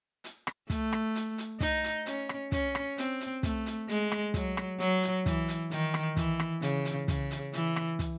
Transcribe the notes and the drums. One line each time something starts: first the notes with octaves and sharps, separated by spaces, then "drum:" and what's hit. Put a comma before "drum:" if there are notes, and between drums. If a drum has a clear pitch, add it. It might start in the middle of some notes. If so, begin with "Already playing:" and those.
drum: hi-hat
drum: rim click
A3, drum: kick, hi-hat
drum: rim click
drum: hi-hat
drum: hi-hat
D#4, drum: kick, hi-hat
drum: hi-hat
C#4, drum: hi-hat
drum: rim click
C#4, drum: kick, hi-hat
drum: rim click
C4, drum: hi-hat
drum: hi-hat
A3, drum: kick, hi-hat
drum: hi-hat
G#3, drum: hi-hat
drum: rim click
F#3, drum: kick, hi-hat
drum: rim click
F#3, drum: hi-hat
drum: hi-hat
E3, drum: kick, hi-hat
drum: hi-hat
D#3, drum: hi-hat
drum: rim click
E3, drum: kick, hi-hat
drum: rim click
C#3, drum: hi-hat
drum: hi-hat
C#3, drum: kick, hi-hat
drum: hi-hat
E3, drum: hi-hat
drum: rim click
drum: kick, hi-hat